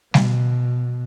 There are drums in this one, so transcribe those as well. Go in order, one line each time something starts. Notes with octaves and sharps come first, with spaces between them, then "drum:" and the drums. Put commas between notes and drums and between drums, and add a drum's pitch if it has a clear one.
B2, drum: snare G3